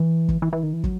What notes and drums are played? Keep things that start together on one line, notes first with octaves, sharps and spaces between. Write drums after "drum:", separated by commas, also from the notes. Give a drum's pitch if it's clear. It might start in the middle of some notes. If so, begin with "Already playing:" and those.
Already playing: E3
drum: kick
E3
E3
D#3
E3
F#3, drum: kick